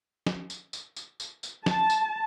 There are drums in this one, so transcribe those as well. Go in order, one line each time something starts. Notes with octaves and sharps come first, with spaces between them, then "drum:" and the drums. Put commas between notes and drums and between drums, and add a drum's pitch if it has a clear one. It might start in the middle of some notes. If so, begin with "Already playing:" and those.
drum: snare
drum: tambourine
drum: tambourine
drum: tambourine
drum: tambourine
drum: tambourine
A5, drum: snare
drum: tambourine